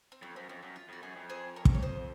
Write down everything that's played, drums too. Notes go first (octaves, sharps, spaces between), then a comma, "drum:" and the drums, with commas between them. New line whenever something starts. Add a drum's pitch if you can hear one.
C4
F2 C#4
F#2 C4
F2 C#4
F#2 C#4
F4
F2 F#4
F#2 G#4
F2
G#4 C5
A#4 C#5
drum: kick
C#5
C5 D#5